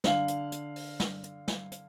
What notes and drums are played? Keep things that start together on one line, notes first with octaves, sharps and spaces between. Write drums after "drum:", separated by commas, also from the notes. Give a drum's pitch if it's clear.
D3 F5 F#7, drum: snare
drum: hi-hat
drum: hi-hat
drum: open hi-hat
drum: snare
drum: hi-hat
drum: snare
drum: hi-hat